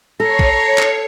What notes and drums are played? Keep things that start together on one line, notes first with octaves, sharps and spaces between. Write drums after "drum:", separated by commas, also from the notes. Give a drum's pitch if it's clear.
A4 C#5 A#5 C7 C#7
drum: kick
drum: clap